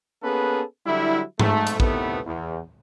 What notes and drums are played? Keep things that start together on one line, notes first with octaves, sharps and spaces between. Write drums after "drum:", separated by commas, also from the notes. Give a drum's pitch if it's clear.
A#3 B3 C#4 G#4 A4 B4
D3 F#3 G3 E4
G#2 A3, drum: tom G#2
drum: hi-hat
A2 C3 D#3 A3 B3, drum: kick A1
E2